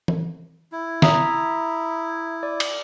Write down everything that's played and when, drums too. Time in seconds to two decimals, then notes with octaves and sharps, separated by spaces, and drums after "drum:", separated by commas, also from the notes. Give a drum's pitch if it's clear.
0.08 drum: tom E3
0.72 E4
1.02 E5 A#5 D#6, drum: snare
2.43 D5
2.60 drum: cymbal